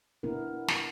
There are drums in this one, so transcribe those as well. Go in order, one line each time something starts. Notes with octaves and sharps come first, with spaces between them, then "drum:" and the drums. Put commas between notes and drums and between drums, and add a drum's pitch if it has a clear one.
B3 D4 E4 A#4
drum: snare